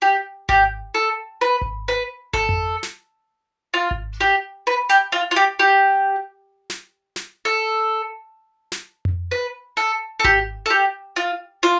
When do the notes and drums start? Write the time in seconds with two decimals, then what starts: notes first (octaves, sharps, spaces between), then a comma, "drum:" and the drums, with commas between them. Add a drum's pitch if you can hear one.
0.02 G4
0.49 G4, drum: kick G#1
0.94 A4
1.41 B4
1.61 drum: kick G#1
1.88 B4
2.33 A4, drum: kick G#1
2.49 drum: tom F2
2.83 drum: snare
3.74 F4
3.91 drum: kick G#1
4.20 G4
4.67 B4
4.89 G4, drum: hi-hat
5.12 F4
5.31 F4
5.36 G4
5.59 G4
6.70 drum: snare
7.16 drum: snare
7.45 A4
8.72 drum: snare
9.05 drum: tom F2
9.31 B4
9.77 A4
10.20 A4
10.24 G4, drum: kick G#1
10.66 A4
10.70 G4
11.16 F4
11.63 F4